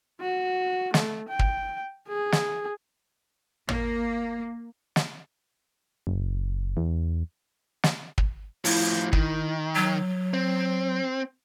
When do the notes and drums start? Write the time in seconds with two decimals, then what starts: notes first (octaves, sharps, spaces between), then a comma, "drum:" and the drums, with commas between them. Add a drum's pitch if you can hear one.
0.21 F#4
0.94 A3, drum: snare
1.29 G5
1.39 drum: kick
2.08 G#4
2.32 drum: snare
3.69 A#3, drum: tom
4.96 drum: snare
6.07 F#1
6.77 E2
7.84 drum: snare
8.18 drum: kick
8.65 A2 F3 E4, drum: open hi-hat
9.13 D#3, drum: kick
9.75 F#3
10.34 C4